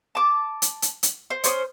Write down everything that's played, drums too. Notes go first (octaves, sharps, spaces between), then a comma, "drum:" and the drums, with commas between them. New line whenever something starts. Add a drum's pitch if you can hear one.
A5 D6
drum: hi-hat
drum: hi-hat
drum: hi-hat
C5
C#4 C5 D6 D#6, drum: hi-hat